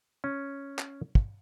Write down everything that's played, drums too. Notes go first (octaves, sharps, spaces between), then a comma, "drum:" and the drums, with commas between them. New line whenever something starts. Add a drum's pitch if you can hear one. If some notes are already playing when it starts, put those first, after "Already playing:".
C#4
drum: clap
drum: kick